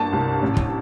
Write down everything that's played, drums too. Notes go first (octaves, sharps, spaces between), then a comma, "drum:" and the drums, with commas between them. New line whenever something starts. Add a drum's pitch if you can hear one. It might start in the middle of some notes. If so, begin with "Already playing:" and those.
Already playing: G1 A#3 A5
C2
A1
drum: kick